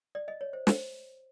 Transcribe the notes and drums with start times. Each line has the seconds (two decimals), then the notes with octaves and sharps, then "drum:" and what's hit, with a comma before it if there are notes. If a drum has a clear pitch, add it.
0.15 D5
0.28 D#5
0.41 C#5
0.53 C5
0.67 C5, drum: snare